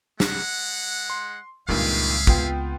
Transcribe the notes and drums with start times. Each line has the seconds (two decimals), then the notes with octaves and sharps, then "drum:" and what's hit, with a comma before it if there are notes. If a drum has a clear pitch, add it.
0.20 G#3 F#5, drum: snare
1.10 C6
1.69 C#2 G2 A#2 D#3 C4 G#4 E5 F5
2.27 B3 F4 G5, drum: kick